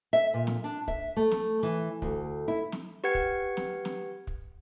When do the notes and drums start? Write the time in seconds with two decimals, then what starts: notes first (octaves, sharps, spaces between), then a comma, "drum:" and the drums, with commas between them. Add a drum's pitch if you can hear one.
0.13 E5
0.34 A#2
0.47 drum: snare
0.64 D4
0.88 E5, drum: kick
1.16 A3
1.31 drum: snare
1.63 E3
2.02 D2, drum: kick
2.48 E4
2.72 drum: snare
3.04 G4 B4 F#5 G#6 C#7
3.15 drum: kick
3.57 drum: snare
3.85 drum: snare
4.27 drum: kick